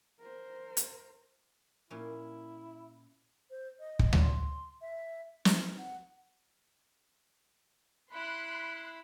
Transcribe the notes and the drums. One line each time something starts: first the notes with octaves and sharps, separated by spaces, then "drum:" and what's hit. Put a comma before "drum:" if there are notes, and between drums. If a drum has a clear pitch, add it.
A#4 C5
drum: hi-hat
A#2 C#4 E4
C5
D#5
drum: kick
drum: tom D2
C6
E5
D#4, drum: snare
F#5
E4 B5 C6 F#6